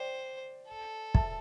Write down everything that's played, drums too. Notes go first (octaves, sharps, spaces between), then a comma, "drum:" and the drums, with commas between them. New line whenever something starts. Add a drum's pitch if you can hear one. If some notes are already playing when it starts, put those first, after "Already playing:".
Already playing: C5 D5 G5
A4
E5 A5, drum: kick